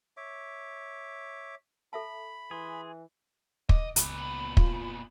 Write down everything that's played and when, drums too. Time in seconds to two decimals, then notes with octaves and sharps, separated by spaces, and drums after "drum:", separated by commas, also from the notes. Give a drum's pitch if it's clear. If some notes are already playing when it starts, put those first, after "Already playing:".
0.17 C#5 E5 D6
1.93 A4 E5 A5 B5
2.51 E3 G#4 C6
3.69 D#5 D6, drum: kick
3.96 C#2 A#2 B3, drum: hi-hat
4.16 B5
4.57 F4, drum: kick